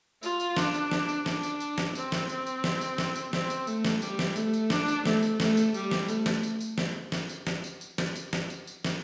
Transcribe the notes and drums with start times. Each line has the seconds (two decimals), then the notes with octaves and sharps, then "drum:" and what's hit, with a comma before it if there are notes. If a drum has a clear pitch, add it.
0.23 F4, drum: tambourine
0.40 drum: tambourine
0.57 D4, drum: snare
0.74 drum: tambourine
0.91 drum: snare
1.09 drum: tambourine
1.26 D4, drum: snare
1.43 drum: tambourine
1.60 drum: tambourine
1.78 drum: snare
1.95 C4, drum: tambourine
2.12 drum: snare
2.29 C4, drum: tambourine
2.47 drum: tambourine
2.64 drum: snare
2.81 drum: tambourine
2.98 drum: snare
3.16 drum: tambourine
3.33 C4, drum: snare
3.50 drum: tambourine
3.67 A3, drum: tambourine
3.85 drum: snare
4.02 G3, drum: tambourine
4.19 drum: snare
4.36 A3, drum: tambourine
4.54 drum: tambourine
4.70 D4, drum: snare
4.88 drum: tambourine
5.05 A3, drum: snare
5.22 drum: tambourine
5.40 A3, drum: snare
5.57 drum: tambourine
5.74 G3, drum: tambourine
5.91 drum: snare
6.08 A3, drum: tambourine
6.26 drum: snare
6.43 drum: tambourine
6.60 drum: tambourine
6.78 drum: snare
7.12 drum: snare
7.29 drum: tambourine
7.47 drum: snare
7.64 drum: tambourine
7.81 drum: tambourine
7.98 drum: snare
8.16 drum: tambourine
8.33 drum: snare
8.50 drum: tambourine
8.67 drum: tambourine
8.85 drum: snare